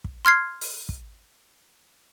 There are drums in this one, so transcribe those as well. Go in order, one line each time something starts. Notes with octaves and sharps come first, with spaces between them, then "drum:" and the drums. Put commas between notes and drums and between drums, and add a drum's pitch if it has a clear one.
drum: kick
C6 F6 G#6 C7
drum: open hi-hat
drum: kick